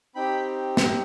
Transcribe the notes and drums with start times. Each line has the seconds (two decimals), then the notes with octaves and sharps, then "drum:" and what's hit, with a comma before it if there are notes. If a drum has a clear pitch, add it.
0.15 C4 D#4 G4 G5 B5
0.77 drum: snare